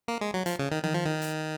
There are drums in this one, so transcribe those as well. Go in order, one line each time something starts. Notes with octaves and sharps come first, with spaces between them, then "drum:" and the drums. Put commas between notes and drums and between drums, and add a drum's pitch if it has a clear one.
A#3
G#3
F#3
F3, drum: hi-hat
C#3
D#3
D#3, drum: tom D#3
F3
D#3
drum: hi-hat